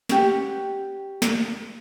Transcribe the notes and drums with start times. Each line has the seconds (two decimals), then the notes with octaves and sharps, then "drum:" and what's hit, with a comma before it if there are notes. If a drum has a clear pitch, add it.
0.09 C#4 G4 F#5, drum: snare
1.22 drum: snare